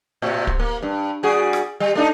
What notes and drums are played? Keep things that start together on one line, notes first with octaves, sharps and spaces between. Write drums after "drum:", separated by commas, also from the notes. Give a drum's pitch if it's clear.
A2 C3
drum: kick
A#3
G2
G3 F#4 G#4
drum: rim click
G3
A3 D4 D#4